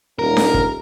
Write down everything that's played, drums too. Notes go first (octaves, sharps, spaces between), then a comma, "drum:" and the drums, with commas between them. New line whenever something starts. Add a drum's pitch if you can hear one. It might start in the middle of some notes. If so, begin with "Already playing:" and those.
D#1 A#4
drum: snare D4
drum: kick